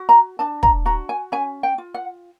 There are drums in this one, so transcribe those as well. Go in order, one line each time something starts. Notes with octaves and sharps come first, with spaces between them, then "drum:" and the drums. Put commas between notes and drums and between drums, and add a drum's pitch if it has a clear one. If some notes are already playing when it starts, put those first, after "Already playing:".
Already playing: F#4
A#5
D4 A5
A#5, drum: kick
F#4 A#5
G#5
C#4 G#5
G5
F4
F#5